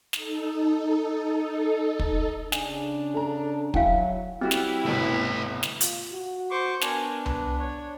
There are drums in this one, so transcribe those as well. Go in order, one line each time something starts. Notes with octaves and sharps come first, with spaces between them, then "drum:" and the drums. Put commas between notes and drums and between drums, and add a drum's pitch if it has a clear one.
D#4 A4, drum: snare
drum: kick
C#3 D4 G#5, drum: snare
A4 A#5
F#3 E4 F5 G5 G#5, drum: kick
G3 C4 E4 F#4 G4
drum: snare
G1 C2 B2 A3 B4
drum: snare
F4, drum: hi-hat
F#4
C5 C#6 D6
B3 D4 A#4 G#5, drum: snare
B4, drum: tom C2
C#5